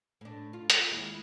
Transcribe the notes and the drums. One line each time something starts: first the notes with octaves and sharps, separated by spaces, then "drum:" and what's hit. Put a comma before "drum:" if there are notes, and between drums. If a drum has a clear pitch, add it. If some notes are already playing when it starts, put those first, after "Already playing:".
A2 D4
F4
drum: hi-hat
D#2 G#3 E4